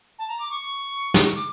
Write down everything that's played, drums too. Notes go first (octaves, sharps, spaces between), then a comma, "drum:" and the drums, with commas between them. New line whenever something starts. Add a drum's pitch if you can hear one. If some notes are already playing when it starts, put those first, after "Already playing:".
A5
A#5
D6
C#6
C#6, drum: snare
D6